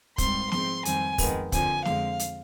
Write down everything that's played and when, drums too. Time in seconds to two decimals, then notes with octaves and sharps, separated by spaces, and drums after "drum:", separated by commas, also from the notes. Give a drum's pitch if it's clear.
0.18 G#2 G3 C4 C6, drum: kick, hi-hat
0.52 G#2 F3 G#3 C4 C6, drum: snare
0.85 F2 D#3 G3 C4 G#5, drum: hi-hat
1.18 F2 D#3 G#3 B3, drum: kick, open hi-hat
1.52 D3 F3 C4 G#5, drum: kick, hi-hat
1.85 F2 D3 G#3 C4 F5, drum: snare
2.19 drum: hi-hat